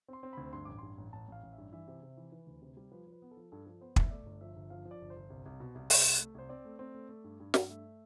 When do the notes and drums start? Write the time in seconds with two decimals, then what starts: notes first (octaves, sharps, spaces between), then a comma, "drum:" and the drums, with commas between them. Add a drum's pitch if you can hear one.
0.08 C4 C6
0.23 C4
0.33 D2 B5
0.53 G2 C6
0.65 A1 D6
0.78 G2 C6
0.98 A1
1.13 A1 A5
1.28 A1 F5
1.43 A1
1.52 E5
1.58 G2
1.72 E3 E5
1.88 C3
2.03 C3
2.17 E3
2.32 E3 B4
2.47 D2
2.62 C3
2.77 G3
2.92 F3 B4
3.07 F3
3.12 B4
3.22 B3
3.31 A4
3.37 F3
3.52 G2 A4
3.66 F3 A4
3.81 B3 C5
3.96 B3 E5, drum: kick
4.11 A3 D5
4.26 G1
4.41 F3 E5
4.56 G1
4.70 F3 F5
4.85 F3
4.91 D5
5.01 G1
5.10 C5
5.16 G1
5.30 C2
5.46 C2
5.60 B2
5.75 C2
5.90 C2, drum: open hi-hat
6.05 C2
6.20 A3
6.34 C2 C5
6.49 C4 D5
6.65 A3
6.79 C4
6.95 A3
7.09 A3
7.24 G2
7.40 G2
7.54 G2, drum: snare
7.69 A3 E5